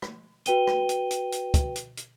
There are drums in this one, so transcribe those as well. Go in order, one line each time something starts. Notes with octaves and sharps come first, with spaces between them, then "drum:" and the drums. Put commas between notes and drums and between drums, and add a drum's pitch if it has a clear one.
drum: rim click
F#4 B4 G5 D#7 G7, drum: hi-hat
drum: rim click
drum: hi-hat
drum: hi-hat
drum: hi-hat
drum: kick, hi-hat
drum: hi-hat
drum: hi-hat